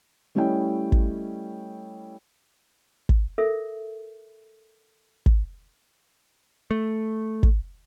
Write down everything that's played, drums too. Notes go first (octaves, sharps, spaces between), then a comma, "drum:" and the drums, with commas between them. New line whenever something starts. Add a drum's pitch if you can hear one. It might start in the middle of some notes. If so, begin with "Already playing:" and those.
G3 A3 C#4 E4 D#5 G5
drum: kick
drum: kick
A4 A#4 E5
drum: kick
A3
drum: kick